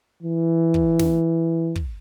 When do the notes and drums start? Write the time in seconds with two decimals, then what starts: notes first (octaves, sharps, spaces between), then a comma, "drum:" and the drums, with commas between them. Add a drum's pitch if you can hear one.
0.23 E3
0.74 drum: kick
0.99 drum: snare
1.76 drum: kick